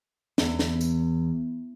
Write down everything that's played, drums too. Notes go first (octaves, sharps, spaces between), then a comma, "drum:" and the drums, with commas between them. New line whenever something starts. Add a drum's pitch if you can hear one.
E2, drum: snare
drum: snare
drum: tambourine